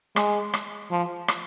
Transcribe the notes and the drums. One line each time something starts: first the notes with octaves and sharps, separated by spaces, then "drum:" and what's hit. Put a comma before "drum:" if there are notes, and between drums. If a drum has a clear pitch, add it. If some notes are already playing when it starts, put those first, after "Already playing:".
G#3, drum: rim click
drum: rim click
F3
drum: rim click